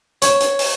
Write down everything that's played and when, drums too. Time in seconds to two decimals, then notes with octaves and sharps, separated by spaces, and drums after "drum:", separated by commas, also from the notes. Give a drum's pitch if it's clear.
0.22 C#5, drum: hi-hat
0.40 drum: hi-hat
0.59 drum: open hi-hat